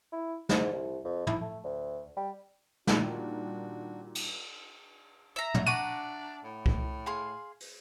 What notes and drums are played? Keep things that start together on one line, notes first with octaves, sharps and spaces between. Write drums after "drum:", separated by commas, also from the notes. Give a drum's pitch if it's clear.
E4
G#2, drum: snare
C2
F2
E4, drum: tom
A3
D2
G3
A#2 D#3 G3 D4 F#4, drum: snare
drum: cymbal
E5 A#5
drum: tom
D4 D5 F#5 C#6 D#7
A2
drum: kick C2
G#4 F5 C6
drum: open hi-hat